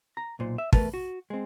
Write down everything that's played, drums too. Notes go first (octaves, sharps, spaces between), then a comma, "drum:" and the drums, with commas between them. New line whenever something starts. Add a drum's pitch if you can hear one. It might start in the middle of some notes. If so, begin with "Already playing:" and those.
A#5
B1 A#2 C5
E5
E2 B2 A3 A#4 B4 A5, drum: kick
F#4
G#3 C4